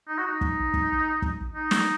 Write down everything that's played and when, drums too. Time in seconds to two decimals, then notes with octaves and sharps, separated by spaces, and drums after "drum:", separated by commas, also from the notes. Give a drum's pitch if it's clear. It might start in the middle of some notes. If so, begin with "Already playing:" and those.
0.08 D#4
0.18 F#4
0.27 D#4
0.41 drum: kick
0.74 drum: kick
1.22 drum: kick
1.55 D#4
1.71 drum: snare